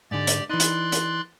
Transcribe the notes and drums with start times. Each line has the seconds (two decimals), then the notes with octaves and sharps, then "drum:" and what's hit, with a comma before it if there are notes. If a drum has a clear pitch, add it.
0.11 G#2 D3 G4 D5 A6
0.27 drum: hi-hat
0.49 E3 D#4 D5 C6 F#6
0.60 drum: hi-hat
0.92 drum: hi-hat